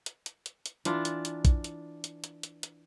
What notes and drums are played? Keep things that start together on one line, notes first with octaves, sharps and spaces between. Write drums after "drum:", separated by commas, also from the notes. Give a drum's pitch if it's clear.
drum: hi-hat
drum: hi-hat
drum: hi-hat
drum: hi-hat
E3 D4 F4, drum: hi-hat
drum: hi-hat
drum: hi-hat
drum: kick A#1, hi-hat
drum: hi-hat
drum: hi-hat
drum: hi-hat
drum: hi-hat
drum: hi-hat